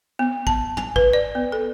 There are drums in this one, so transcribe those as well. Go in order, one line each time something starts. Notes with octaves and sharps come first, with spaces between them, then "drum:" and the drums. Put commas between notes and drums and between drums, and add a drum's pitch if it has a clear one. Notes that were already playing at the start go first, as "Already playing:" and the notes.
B3
A5, drum: kick
G#5, drum: tom
B4, drum: kick
D5
B3
A4